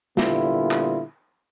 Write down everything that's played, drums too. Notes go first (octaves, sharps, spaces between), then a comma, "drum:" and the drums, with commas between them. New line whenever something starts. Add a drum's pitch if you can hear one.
A#2 D3 G3 B3 E4 F4, drum: snare
drum: clap